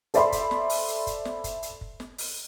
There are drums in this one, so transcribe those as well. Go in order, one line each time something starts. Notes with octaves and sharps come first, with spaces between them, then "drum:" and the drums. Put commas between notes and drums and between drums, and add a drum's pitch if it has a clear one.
A4 C5 D5 E5 B5 C6, drum: hi-hat
drum: kick, hi-hat
drum: snare
drum: open hi-hat
drum: hi-hat
drum: kick, hi-hat
drum: snare
drum: kick, hi-hat
drum: hi-hat
drum: kick
drum: snare
drum: open hi-hat